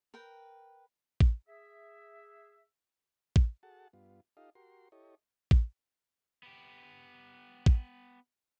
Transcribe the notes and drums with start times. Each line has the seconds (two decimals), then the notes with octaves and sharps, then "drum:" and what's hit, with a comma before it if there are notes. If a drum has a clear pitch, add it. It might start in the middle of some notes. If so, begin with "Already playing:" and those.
0.14 A#4 B4 G5
1.20 drum: kick A1
1.47 G#4 E5
3.36 drum: kick A1
3.63 F#4 G#4 A4 F#5 A5
3.93 G2 B3 F4
4.37 D#4 F4 G4 A4 D#5 F5
4.55 F#4 G4 A#4 C6
4.92 E4 G4 A4 C#5 D#5
5.51 drum: kick A1
6.43 B3 G4
7.66 drum: kick A1